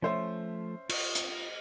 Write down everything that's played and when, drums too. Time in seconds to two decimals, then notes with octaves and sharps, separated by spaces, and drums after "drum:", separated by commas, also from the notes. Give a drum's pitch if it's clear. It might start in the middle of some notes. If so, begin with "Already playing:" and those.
0.02 F3 A3 C#4 C5 E5
0.89 F4 C#6 D#6, drum: cymbal
1.15 drum: hi-hat